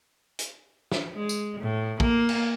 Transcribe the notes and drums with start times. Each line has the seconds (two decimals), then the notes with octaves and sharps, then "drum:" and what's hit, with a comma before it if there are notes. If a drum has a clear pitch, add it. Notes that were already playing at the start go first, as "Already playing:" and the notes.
0.39 drum: hi-hat
0.92 drum: snare
1.15 G#3
1.29 drum: tambourine
1.60 A2
2.00 A#3, drum: kick
2.29 drum: cymbal